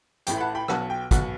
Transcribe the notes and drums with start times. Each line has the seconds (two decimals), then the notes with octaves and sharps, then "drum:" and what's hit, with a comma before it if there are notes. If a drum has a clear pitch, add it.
0.27 A1 A2 E3 G5, drum: hi-hat
0.37 B5
0.40 F#5 A5
0.55 G5 B5
0.68 B1 B2 F#5 A5, drum: rim click
0.90 G5
1.11 B1 B2 F#5, drum: kick, hi-hat